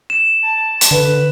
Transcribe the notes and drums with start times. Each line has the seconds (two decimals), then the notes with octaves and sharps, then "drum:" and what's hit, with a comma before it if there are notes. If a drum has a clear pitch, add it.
0.10 E7
0.42 A5
0.81 drum: hi-hat
0.91 D3 B4